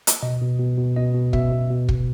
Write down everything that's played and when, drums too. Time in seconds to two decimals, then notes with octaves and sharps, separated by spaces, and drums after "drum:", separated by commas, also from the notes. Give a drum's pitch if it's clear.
0.07 drum: hi-hat
0.23 B2 D#5
0.42 B2
0.59 B2
0.78 B2
0.96 B2 D#5
1.14 B2
1.33 B2 E5, drum: kick
1.52 B2
1.70 B2
1.89 B2, drum: kick